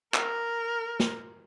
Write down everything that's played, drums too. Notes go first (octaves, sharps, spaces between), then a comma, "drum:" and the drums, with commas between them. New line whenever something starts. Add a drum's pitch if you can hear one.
A#4, drum: clap
drum: snare